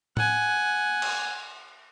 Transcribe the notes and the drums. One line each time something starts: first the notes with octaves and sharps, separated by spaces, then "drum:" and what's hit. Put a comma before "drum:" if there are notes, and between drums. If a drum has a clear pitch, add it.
F#5 G#5, drum: tom A2
drum: cymbal